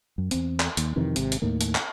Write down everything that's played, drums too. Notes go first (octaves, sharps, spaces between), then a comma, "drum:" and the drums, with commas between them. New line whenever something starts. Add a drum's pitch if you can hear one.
F#2
E2 C4, drum: hi-hat
drum: clap
D#2, drum: hi-hat
F2 C3 D#3 E3
G#1 C3, drum: hi-hat
drum: hi-hat
D#2 A2 D#3 A#3
drum: hi-hat
drum: clap